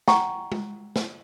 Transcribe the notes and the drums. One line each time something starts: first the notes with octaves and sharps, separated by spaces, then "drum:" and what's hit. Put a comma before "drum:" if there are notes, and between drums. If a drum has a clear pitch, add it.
F#5 G5 A#5 C#6, drum: snare
drum: tom G#3
drum: snare